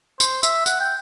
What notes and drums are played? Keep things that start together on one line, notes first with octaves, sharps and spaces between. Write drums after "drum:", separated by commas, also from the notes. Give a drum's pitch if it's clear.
C5, drum: tambourine
E5, drum: tambourine
F#5, drum: tambourine
G5